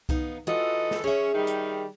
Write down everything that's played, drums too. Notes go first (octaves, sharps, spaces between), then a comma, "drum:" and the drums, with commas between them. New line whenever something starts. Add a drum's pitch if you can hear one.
B3 D#4 F5, drum: kick C2
E3 F4 F#4 A4 D#5
drum: snare
C#4 G#4 E5
D#3 G3 D#4
drum: hi-hat